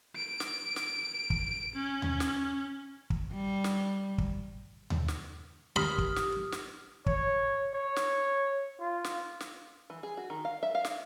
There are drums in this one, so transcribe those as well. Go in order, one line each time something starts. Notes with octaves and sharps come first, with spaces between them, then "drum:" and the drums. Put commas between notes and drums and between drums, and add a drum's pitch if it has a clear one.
D7
drum: snare
drum: snare
drum: kick
C#4
drum: tom D#2
drum: snare
drum: kick
G3
drum: snare
drum: kick
drum: tom D#2
drum: snare
G4 B5 D#6 F6
drum: kick
drum: snare
drum: snare
C#5, drum: kick
C#5
drum: snare
F4
drum: snare
drum: snare
E3
G#4
F#4
D#3
F5
E5
F5
drum: snare